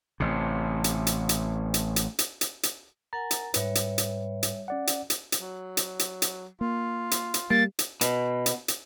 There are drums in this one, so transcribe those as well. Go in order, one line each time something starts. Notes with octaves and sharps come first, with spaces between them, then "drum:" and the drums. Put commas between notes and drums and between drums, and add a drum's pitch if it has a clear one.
A1 C3
drum: hi-hat
drum: hi-hat
drum: hi-hat
drum: hi-hat
drum: hi-hat
drum: hi-hat
drum: hi-hat
drum: hi-hat
A#4 F#5 G#5 A#5 A6
drum: hi-hat
G#2 G3 B4 C#5 E5, drum: hi-hat
drum: hi-hat
drum: hi-hat
drum: hi-hat
C#4 D5 F#5
drum: hi-hat
drum: hi-hat
drum: hi-hat
F#3
drum: hi-hat
drum: hi-hat
drum: hi-hat
A#3 F4
drum: hi-hat
drum: hi-hat
G3 A#3 A6
drum: hi-hat
B2, drum: hi-hat
drum: hi-hat
drum: hi-hat